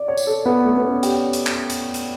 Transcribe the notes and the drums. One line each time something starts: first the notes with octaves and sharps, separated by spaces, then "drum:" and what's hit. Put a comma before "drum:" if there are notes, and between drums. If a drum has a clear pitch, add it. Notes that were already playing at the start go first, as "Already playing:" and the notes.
Already playing: D5
C#5
drum: tambourine
A4
B3
A3
B3
C#4
G4, drum: hi-hat
drum: hi-hat
drum: clap
drum: hi-hat
drum: hi-hat